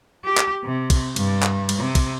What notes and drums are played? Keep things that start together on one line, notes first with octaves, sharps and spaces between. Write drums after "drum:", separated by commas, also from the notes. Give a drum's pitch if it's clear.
G4
drum: clap
C3
drum: kick, cymbal
G2, drum: cymbal
drum: clap
drum: cymbal
C3
drum: kick, cymbal